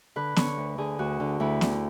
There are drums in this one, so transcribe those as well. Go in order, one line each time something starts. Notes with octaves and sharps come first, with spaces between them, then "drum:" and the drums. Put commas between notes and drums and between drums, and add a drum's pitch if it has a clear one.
D3 B4
D3 C#5, drum: snare B3
D2
D3 G#4
D2 F#4
D3
D2 E4
D3, drum: snare B3